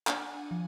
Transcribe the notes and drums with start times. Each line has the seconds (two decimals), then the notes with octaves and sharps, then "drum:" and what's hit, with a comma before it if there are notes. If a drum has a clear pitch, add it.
0.07 D4 F#5 G#5, drum: clap
0.51 F3